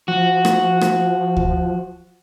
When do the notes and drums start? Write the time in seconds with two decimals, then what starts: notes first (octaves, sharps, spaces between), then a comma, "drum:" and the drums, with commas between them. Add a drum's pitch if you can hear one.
0.08 F3 F#4
0.45 drum: rim click
0.81 drum: rim click
1.37 drum: kick D2